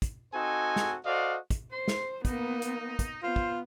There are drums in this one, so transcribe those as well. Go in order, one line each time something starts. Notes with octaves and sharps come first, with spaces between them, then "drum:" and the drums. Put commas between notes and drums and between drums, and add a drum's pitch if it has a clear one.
drum: kick, hi-hat
C4 D#4 F#4 A4 C5 G#5
drum: snare
F#4 A4 C5 D5 D#5 F5
drum: kick, hi-hat
C5 C6
drum: snare
A#3 B3 D#4, drum: kick, hi-hat
drum: hi-hat
drum: kick, hi-hat
B3 F4 C5
drum: kick